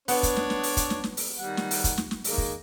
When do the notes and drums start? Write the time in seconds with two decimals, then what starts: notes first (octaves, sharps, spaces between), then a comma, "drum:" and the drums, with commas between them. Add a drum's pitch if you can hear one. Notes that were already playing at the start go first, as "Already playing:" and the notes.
0.08 B3 D4 C#5, drum: open hi-hat
0.23 drum: kick, hi-hat
0.37 drum: snare
0.50 drum: snare
0.63 drum: open hi-hat
0.77 drum: kick, hi-hat
0.90 drum: snare
1.04 drum: snare
1.17 drum: open hi-hat
1.39 D#3 G3 F#5
1.57 drum: snare
1.71 drum: open hi-hat
1.84 drum: kick, hi-hat
1.98 drum: snare
2.11 drum: snare
2.24 D#3 G#3 A#3, drum: open hi-hat
2.38 drum: kick